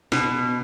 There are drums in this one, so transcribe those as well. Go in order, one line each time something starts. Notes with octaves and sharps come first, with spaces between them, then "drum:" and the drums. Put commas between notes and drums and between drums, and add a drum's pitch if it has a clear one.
B2, drum: snare